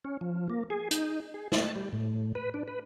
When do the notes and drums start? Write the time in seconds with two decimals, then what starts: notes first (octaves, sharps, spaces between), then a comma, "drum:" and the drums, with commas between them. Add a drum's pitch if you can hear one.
0.04 C#4
0.21 F3
0.50 A#3
0.70 G#4
0.91 D#4, drum: hi-hat
1.34 G#4
1.52 A5, drum: snare
1.76 G3
1.93 A2
2.35 B4
2.54 D4
2.68 B4